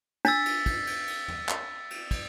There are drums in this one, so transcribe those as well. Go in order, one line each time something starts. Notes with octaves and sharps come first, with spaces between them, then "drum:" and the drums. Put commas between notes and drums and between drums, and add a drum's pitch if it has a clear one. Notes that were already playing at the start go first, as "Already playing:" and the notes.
D4 E6 A6 B6, drum: cymbal
drum: cymbal
drum: kick, cymbal
drum: cymbal
drum: cymbal
drum: tom
drum: clap
drum: cymbal
drum: kick, cymbal